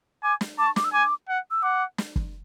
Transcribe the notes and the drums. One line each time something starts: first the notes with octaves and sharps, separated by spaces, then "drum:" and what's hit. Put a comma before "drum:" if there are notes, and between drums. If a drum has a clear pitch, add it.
G#5 D6
drum: snare
A5 D6
C#6
D6, drum: snare
E6
G#5 D6
F#5
E6
F#5 D6
drum: snare
drum: kick